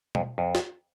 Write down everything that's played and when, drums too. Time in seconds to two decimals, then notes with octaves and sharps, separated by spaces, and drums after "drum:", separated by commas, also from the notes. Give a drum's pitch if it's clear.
0.15 F2, drum: tom B2
0.38 F2
0.55 drum: snare